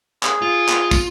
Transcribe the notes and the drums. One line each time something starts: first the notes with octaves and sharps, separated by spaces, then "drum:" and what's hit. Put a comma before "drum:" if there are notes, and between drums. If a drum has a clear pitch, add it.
G#4, drum: clap
F4
drum: clap
drum: kick, tambourine